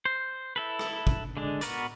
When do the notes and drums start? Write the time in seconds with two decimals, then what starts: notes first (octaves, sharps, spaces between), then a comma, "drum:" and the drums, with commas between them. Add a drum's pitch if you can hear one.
0.05 C5
0.56 E4 A4 B4
0.79 drum: rim click
1.07 drum: kick
1.37 D3 G#3 D4
1.61 B3 F#4 A#4 B4 D5, drum: hi-hat